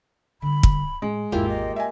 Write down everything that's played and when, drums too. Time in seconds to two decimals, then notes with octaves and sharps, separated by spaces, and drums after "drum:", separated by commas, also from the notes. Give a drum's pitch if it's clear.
0.42 D3 G3 B5
0.63 drum: kick
1.02 A2 G#3
1.32 G#1 E2 A#3 E4 F4 G4
1.49 D#5
1.76 D#5 E5 G#5